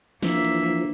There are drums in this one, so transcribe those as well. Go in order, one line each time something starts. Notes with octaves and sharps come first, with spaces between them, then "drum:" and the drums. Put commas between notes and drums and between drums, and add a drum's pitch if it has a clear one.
E3 F3 A#3 D4 E5, drum: snare
drum: hi-hat